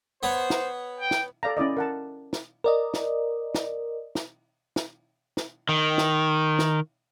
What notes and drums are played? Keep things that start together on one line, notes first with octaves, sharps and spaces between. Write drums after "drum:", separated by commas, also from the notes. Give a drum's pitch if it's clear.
B3 C5 C#5
drum: snare
G5
drum: snare
A4 D5 F5 A#5
C#4 E4 D5 D#5
A#4 F#5 A5
drum: snare
A#4 D5 D#5
drum: snare
drum: snare
drum: snare
drum: snare
drum: snare
D#3
drum: snare
drum: snare